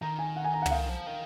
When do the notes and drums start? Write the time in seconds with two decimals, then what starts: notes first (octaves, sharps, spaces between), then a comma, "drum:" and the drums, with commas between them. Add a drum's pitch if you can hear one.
0.01 D#3 A#5
0.19 G#5
0.36 F#5
0.44 G#5
0.54 A#5
0.62 F#5
0.66 D3, drum: tom
0.71 D#3 F5
0.89 F3
1.07 D#3